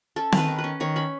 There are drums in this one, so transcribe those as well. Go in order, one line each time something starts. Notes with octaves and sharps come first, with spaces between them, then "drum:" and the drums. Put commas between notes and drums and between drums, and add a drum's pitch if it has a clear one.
C#4 A4
D#3 B4, drum: snare C4
D#3
B4
C#4
D#3 C#5
C#4 B5